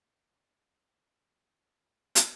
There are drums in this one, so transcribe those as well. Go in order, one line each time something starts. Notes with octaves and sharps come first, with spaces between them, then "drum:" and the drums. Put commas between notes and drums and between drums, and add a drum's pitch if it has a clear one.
G#4 A4
G#2 C#3
C#3 A#3
F3
drum: hi-hat